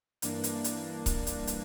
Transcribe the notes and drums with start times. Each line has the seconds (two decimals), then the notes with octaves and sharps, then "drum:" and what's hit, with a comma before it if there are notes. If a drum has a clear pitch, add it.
0.22 G2 E3 A#3 D4, drum: hi-hat
0.44 drum: hi-hat
0.64 drum: hi-hat
1.06 drum: kick C#1, hi-hat
1.27 drum: hi-hat
1.47 drum: hi-hat